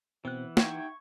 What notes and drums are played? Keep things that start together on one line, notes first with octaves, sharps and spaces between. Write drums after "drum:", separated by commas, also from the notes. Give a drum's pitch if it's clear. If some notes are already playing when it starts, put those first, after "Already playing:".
B2 E3 B3 C4 F#6
D#4 E5 F#5 G5 C#6 G#6, drum: snare